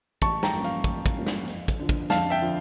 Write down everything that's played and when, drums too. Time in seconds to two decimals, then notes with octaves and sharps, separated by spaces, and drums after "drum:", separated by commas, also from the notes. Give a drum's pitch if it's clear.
0.22 A1 A5 C#6, drum: kick, hi-hat
0.43 G5 A#5, drum: snare
0.53 G2 F3 A#3 C#4
0.64 F5, drum: hi-hat
0.84 A1, drum: kick, hi-hat
1.06 drum: kick, hi-hat
1.16 G2 F3 A#3 C#4
1.27 drum: snare
1.48 F2, drum: hi-hat
1.68 drum: kick, hi-hat
1.79 D3 F3
1.89 drum: kick, hi-hat
2.10 F2 F5 A5, drum: snare
2.30 E5 G5, drum: hi-hat
2.41 D3 F3